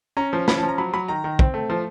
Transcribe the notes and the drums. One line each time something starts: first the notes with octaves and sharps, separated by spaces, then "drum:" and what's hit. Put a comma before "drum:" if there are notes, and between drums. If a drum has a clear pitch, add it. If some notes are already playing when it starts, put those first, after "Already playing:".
C#4 A#5
F3
C#4 B5, drum: snare
A5
F3
A#5
F#3 B5
F#3 B5
D#3 A#5
D#3
C4, drum: kick
A3
F3